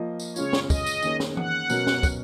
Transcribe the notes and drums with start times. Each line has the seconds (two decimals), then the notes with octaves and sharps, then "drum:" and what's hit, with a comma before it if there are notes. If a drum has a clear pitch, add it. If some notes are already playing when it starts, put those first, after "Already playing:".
Already playing: F3 A#3 F4 D#5
0.20 drum: tambourine
0.36 C#3 G#3 C#4 F4 C#5, drum: tambourine
0.53 drum: snare
0.70 D#5, drum: kick, tambourine
0.86 drum: tambourine
1.02 D#3 A#3 C#4 G#4 C#5, drum: tambourine
1.20 drum: snare
1.37 F#5, drum: tom E3
1.70 B2 F#3 C#4 F#4 A#4, drum: tambourine
1.87 drum: snare
2.03 drum: kick, tambourine